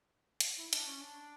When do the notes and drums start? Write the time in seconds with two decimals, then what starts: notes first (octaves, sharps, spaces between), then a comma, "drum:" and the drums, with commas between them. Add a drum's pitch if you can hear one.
0.40 drum: hi-hat
0.57 E4
0.69 E4
0.73 D4, drum: hi-hat
0.87 C#4
1.01 D4